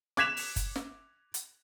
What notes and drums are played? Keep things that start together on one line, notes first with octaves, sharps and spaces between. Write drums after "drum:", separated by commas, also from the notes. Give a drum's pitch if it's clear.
D6 F#6 G#6 B6 E7 F7, drum: snare
drum: open hi-hat
drum: kick, hi-hat
drum: snare
drum: hi-hat